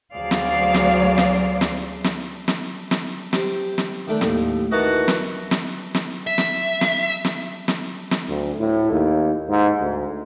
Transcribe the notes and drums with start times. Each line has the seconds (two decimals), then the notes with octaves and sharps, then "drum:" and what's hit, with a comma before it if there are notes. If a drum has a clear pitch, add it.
0.13 D2 F#3 G#4 C5 D5 F5
0.31 drum: snare
0.74 drum: snare
1.18 drum: snare
1.61 drum: snare
2.04 drum: snare
2.48 drum: snare
2.91 drum: snare
3.33 G4 C5, drum: snare
3.78 drum: snare
4.07 D#3 A3 D4
4.21 D#2 A2, drum: snare
4.72 D#3 E3 F#4 D#5 A5 A#5
5.08 drum: snare
5.51 drum: snare
5.95 drum: snare
6.27 E5
6.38 drum: snare
6.81 drum: snare
7.25 drum: snare
7.68 drum: snare
8.11 drum: snare
8.29 D2
8.59 A2
8.91 D#2
9.49 G#2
9.80 D2